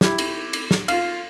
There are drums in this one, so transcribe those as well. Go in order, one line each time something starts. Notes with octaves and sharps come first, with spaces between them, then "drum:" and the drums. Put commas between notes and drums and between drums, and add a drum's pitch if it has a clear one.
E4 G4, drum: snare
drum: cymbal
drum: cymbal
drum: snare
F4 F5, drum: cymbal